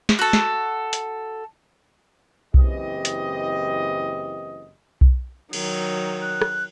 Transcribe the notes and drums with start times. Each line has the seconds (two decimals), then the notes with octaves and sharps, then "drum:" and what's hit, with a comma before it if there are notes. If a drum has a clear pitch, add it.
0.09 drum: snare
0.19 F#4 A4
0.33 drum: snare
0.93 drum: hi-hat
2.54 F#1 E3 C4 G4 D#5, drum: kick B1
3.05 drum: hi-hat
5.01 drum: kick B1
5.53 D#3 F#3, drum: cymbal
6.21 F#6
6.41 drum: rim click